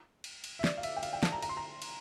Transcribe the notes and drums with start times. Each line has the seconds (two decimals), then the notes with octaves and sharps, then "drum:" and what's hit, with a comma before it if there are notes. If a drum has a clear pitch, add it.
0.24 drum: cymbal
0.44 drum: cymbal
0.59 E5
0.64 D5, drum: snare
0.77 F5
0.83 E5, drum: cymbal
0.97 G5
1.03 F5, drum: cymbal
1.13 G5
1.23 A5, drum: snare
1.32 A#5
1.42 A#5, drum: cymbal
1.49 C6
1.57 A#5
1.82 drum: cymbal